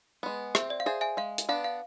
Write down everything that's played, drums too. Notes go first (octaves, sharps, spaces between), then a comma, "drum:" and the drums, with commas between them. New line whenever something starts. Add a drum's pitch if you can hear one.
G#3 B3
C4 E5, drum: rim click
D5
F5
G#4 C5 E5
E5 G#5
G#3 F5
drum: hi-hat
B3 D4 F5
F5